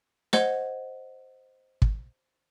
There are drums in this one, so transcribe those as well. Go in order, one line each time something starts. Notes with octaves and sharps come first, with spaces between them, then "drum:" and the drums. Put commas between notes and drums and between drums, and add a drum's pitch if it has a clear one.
C5 D#5 F#5 G#6 G7, drum: snare
drum: kick